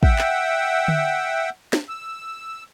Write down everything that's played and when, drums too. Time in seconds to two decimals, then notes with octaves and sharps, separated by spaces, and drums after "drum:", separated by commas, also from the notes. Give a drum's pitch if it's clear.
0.03 E5 F#5 G5, drum: kick
0.19 drum: clap
0.88 drum: tom D3
1.73 drum: snare
1.89 E6